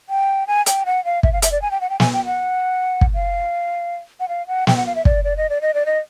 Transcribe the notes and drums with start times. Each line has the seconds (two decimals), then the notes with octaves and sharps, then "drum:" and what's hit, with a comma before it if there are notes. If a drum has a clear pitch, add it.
0.09 G5
0.48 G#5
0.66 G5, drum: hi-hat
0.86 F#5
1.05 F5
1.23 E5, drum: kick
1.33 F5
1.42 E5, drum: hi-hat
1.52 D5
1.62 G#5
1.71 G5
1.81 F#5
1.90 G5
2.00 G#5, drum: snare
2.13 G5
2.25 F#5
3.01 drum: kick
3.14 F5
4.20 F#5
4.29 F5
4.47 F#5
4.67 G5, drum: snare
4.77 F#5
4.86 F5
4.95 E5
5.05 D5, drum: kick
5.24 D5
5.37 D#5
5.50 D5
5.62 D#5
5.74 D5
5.86 D#5